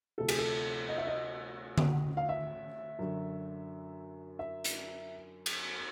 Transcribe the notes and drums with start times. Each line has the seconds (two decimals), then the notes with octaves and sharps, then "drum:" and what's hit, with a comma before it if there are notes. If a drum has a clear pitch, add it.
0.18 D2 C3 F3 A4
0.29 G#4, drum: cymbal
0.38 A4
0.89 D#5
0.98 E5
1.07 D#5
1.78 drum: tom D3
2.17 F5
2.29 E5
2.99 F#2 D3 F#3
4.39 E5
4.64 drum: hi-hat
5.46 drum: cymbal